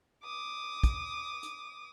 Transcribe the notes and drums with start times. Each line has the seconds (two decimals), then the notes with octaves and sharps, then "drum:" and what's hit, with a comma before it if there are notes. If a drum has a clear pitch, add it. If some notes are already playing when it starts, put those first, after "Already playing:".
0.24 D6 D#6
0.84 drum: kick, hi-hat
1.43 drum: hi-hat